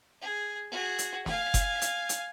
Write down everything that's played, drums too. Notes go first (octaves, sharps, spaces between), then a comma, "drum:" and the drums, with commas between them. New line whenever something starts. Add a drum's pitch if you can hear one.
G#4
F#4 G#4
drum: hi-hat
F5 G#5, drum: snare
drum: kick F#1, hi-hat
drum: hi-hat
drum: hi-hat